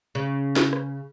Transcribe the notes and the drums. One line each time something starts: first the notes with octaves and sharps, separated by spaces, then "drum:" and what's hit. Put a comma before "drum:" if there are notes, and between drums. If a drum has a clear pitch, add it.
C#3
drum: snare
drum: rim click